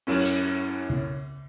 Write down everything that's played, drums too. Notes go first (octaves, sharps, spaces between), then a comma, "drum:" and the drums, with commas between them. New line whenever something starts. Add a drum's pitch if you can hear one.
F#2 A2 C#4, drum: cymbal
drum: hi-hat
drum: tom C#3